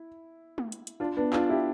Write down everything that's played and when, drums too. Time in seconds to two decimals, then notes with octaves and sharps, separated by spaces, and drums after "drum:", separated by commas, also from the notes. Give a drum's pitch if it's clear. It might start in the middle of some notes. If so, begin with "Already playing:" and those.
Already playing: E4
0.58 drum: tom
0.72 drum: hi-hat
0.87 drum: hi-hat
1.00 D4 F4
1.17 B3 D4
1.33 D4 F4, drum: clap
1.49 E4 G4